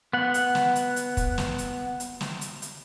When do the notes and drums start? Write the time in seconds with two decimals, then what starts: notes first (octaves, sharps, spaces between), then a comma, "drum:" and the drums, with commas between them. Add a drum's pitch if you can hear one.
0.13 B3 F#5
0.34 drum: hi-hat
0.55 drum: snare
0.76 drum: hi-hat
0.96 drum: hi-hat
1.17 drum: kick, hi-hat
1.38 drum: snare
1.58 drum: hi-hat
2.00 drum: hi-hat
2.21 drum: snare
2.41 drum: hi-hat
2.62 drum: hi-hat